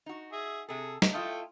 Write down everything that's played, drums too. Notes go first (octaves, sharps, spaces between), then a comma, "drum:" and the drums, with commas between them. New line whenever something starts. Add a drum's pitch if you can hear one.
D#4 F#4
G#4 E5
C3 G#4 A4
drum: snare
A3 E4 F4 A4 D#5 G5